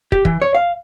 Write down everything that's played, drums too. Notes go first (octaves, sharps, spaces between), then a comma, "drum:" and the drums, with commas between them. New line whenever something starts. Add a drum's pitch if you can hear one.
G4, drum: kick
E3, drum: kick
C#5
F5